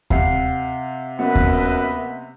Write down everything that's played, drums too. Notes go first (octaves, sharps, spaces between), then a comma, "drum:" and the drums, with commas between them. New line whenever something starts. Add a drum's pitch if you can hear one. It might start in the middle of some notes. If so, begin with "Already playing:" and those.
C3 F5 F#5 C7, drum: kick D#2
F#2 A#3 B3 B4 D#5 E5 F#5
drum: kick D#2